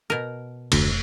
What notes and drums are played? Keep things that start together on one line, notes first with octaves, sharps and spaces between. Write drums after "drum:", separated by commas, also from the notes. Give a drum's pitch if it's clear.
B2 A#4
F1 D2 A3, drum: cymbal